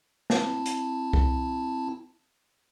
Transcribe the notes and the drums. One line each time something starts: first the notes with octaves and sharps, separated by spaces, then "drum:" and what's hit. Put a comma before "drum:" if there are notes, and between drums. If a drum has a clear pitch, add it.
C4 E4 A5, drum: snare
drum: hi-hat
drum: kick C2